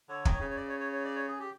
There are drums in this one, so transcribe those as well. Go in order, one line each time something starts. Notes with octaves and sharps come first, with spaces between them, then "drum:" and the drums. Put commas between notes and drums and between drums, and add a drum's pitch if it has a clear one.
D3 C#5
D#3, drum: kick
C#5
C#3
C#5
D5
C#5
C#5
C#5
D5
C#5
G#4
G4